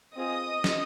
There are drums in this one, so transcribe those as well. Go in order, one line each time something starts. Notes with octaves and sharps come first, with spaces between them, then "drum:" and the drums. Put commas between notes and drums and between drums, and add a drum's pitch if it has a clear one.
C4 F4 G#4 D#5 D#6
drum: snare